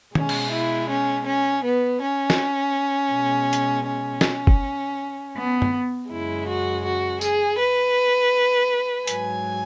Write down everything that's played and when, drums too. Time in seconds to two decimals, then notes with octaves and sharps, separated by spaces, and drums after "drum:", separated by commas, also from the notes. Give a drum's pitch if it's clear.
0.15 B2 G#3 C#4, drum: tom
0.29 drum: cymbal
0.52 E4
0.90 C#4
1.26 C#4
1.64 B3
2.01 C#4
2.30 drum: snare
3.13 B2 G#3
3.53 drum: hi-hat
3.87 C#4
4.21 drum: snare
4.47 drum: kick
5.36 B3
5.62 drum: tom G2
6.10 F#2 C#3 G#3 E4
6.47 F#4
6.84 F#4
7.21 G#4, drum: tambourine
7.59 B4
9.07 G#2 F#3 G#5, drum: hi-hat